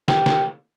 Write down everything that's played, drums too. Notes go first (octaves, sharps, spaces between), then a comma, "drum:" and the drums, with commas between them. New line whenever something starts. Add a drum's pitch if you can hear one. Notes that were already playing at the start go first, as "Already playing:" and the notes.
G4, drum: snare
drum: snare